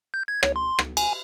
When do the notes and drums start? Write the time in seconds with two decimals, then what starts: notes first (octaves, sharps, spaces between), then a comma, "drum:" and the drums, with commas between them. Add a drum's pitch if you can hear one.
0.14 G6
0.28 G#6
0.43 C#5, drum: rim click
0.56 C6
0.79 drum: rim click
0.97 G#5, drum: cymbal